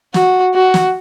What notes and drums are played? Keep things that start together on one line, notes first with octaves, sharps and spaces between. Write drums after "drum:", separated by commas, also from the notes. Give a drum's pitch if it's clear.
F#4, drum: snare
F#4
drum: snare